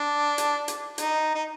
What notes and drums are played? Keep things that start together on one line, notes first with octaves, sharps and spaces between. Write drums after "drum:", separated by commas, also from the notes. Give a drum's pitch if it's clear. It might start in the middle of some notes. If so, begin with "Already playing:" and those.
Already playing: D4
drum: hi-hat
drum: hi-hat
D#4, drum: hi-hat
D#4